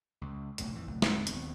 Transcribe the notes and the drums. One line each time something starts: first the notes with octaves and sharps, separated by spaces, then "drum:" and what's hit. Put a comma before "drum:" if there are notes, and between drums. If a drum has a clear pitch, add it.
C#2
F1 B1 A2 C#3, drum: hi-hat
F2 E3
G1 C2 A2 F#3
D#1 G#2 D3 C4, drum: snare
D#1 D#2 B3 C4, drum: hi-hat